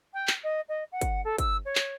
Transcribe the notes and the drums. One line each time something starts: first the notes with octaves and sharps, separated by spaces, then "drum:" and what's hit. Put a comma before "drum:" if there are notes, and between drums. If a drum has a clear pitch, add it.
G5
drum: clap
D#5
D#5
F#5
drum: kick, hi-hat
A4
E6, drum: kick, hi-hat
C#5
drum: clap